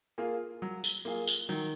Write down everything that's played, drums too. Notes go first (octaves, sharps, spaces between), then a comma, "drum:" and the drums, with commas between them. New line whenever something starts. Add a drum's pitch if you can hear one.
A#3 F4 G#4
F#3
drum: tambourine
A#3 F4 G#4
drum: tambourine
D#3 F#3